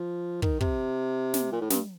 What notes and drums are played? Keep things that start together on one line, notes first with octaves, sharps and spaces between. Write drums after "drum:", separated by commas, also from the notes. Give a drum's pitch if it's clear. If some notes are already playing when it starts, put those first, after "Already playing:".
Already playing: F3
D#3, drum: kick
C3, drum: kick
drum: snare
A#2
A2
G2, drum: snare